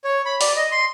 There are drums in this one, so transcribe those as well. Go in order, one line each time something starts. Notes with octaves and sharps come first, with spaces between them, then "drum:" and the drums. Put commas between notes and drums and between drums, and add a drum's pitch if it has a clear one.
C#5
B5
D5, drum: open hi-hat
D#5
C6